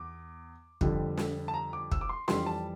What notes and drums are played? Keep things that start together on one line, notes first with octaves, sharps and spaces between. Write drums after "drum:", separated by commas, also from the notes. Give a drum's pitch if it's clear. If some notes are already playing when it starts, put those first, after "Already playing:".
Already playing: E2 D6
F2 D3 G3, drum: kick
drum: snare
A5
A#5
D6
E6, drum: kick
D6
C6
F2 E3 G3 C6, drum: snare
A5